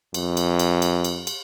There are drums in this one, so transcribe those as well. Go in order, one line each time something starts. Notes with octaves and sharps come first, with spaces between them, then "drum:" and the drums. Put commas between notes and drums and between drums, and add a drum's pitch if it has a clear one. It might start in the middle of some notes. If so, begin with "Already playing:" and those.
F2, drum: cymbal
drum: cymbal
drum: cymbal
drum: cymbal
drum: cymbal
drum: cymbal